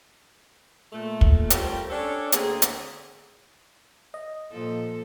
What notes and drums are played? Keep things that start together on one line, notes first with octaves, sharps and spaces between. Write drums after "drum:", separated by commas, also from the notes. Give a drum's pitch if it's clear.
A#2 A3
drum: kick
G3 A3 C4 C#4 F4 A#4, drum: hi-hat
C#4 D4 G4 A4 C#5 D5
D2 A#3 C4 G#4, drum: hi-hat
drum: hi-hat
D#5
A#2 F3 A4